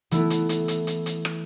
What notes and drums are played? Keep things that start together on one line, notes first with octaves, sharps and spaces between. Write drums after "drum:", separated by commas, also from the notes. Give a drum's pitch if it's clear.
E3 A3 B3 E4 A4, drum: hi-hat
drum: hi-hat
drum: hi-hat
drum: hi-hat
drum: hi-hat
drum: hi-hat
drum: rim click